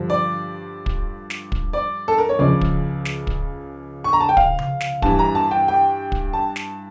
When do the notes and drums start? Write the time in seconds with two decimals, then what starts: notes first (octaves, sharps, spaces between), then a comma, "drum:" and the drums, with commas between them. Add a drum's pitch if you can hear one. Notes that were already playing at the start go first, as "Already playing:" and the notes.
Already playing: G2 D3 F3
0.10 D5
0.86 drum: kick
1.30 drum: snare
1.52 drum: kick
1.73 D5
2.08 A4
2.18 A#4
2.29 C#5
2.39 C#2 C#3 F3 D5
2.61 drum: kick
3.05 drum: snare
3.27 drum: kick
4.04 C#6
4.13 A#5
4.20 A5
4.29 G5
4.37 F5, drum: kick
4.59 drum: tom C3
4.80 drum: snare
5.02 G2 E3 A5, drum: kick
5.19 A#5
5.35 A5
5.51 G5
5.68 G5
6.12 drum: kick
6.33 A5
6.56 drum: snare